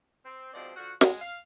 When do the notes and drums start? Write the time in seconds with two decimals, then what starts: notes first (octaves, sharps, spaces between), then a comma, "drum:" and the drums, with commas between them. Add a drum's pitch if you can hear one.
0.24 C4
0.54 G#2 B2 F3 C4 D5
0.76 D3 F3 F#4
1.01 G#3, drum: snare
1.20 F5